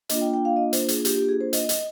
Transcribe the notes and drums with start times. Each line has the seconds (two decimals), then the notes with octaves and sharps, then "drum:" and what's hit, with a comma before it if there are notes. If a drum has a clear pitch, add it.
0.09 A#3 D4 F4 D#5, drum: hi-hat
0.21 G5
0.34 G5
0.45 F5
0.57 D#5
0.73 C5, drum: hi-hat
0.88 G#4, drum: hi-hat
1.05 G4, drum: hi-hat
1.17 G4
1.29 G#4
1.41 C5
1.53 D#5, drum: hi-hat
1.69 D#5, drum: hi-hat